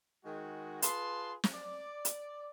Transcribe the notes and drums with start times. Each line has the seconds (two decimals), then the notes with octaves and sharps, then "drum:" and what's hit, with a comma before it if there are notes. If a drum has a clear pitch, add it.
0.25 D#3 G#3 F#4
0.82 F4 G#4 B4 A5 C6, drum: hi-hat
1.44 drum: snare
1.53 D5
2.05 drum: hi-hat